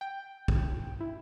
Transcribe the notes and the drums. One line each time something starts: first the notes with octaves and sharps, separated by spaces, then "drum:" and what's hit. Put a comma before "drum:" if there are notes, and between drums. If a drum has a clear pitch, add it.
G5
drum: kick
E4